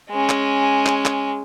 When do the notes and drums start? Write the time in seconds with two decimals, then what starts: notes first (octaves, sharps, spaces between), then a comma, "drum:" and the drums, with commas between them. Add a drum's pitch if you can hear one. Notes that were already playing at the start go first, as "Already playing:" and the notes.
0.10 G#3 C#4
0.29 drum: clap
0.86 drum: clap
1.05 drum: clap